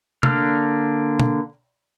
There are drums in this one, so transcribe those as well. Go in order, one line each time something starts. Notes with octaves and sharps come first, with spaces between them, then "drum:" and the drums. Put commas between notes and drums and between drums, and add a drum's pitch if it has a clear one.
D3 A#3 D4 F6, drum: tom C3
drum: tom